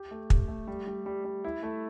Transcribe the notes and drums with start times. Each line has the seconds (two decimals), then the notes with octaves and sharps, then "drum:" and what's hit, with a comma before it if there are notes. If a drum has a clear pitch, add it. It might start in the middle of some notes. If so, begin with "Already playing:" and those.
Already playing: G4
0.11 A3
0.30 G4, drum: kick
0.48 A3
0.67 G3
0.87 G3
1.06 G3
1.25 G3
1.44 E4
1.63 A3